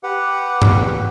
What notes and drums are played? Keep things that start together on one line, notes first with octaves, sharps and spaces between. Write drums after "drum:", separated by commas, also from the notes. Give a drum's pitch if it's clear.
G4 B4 F#5
drum: tom G2